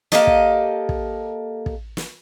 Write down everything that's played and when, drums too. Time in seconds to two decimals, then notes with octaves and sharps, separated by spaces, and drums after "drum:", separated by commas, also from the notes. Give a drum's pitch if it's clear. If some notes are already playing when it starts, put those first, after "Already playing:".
0.12 A#3 G4 A4 D#5, drum: snare
0.27 drum: kick
0.89 drum: kick
1.66 drum: kick
1.97 drum: snare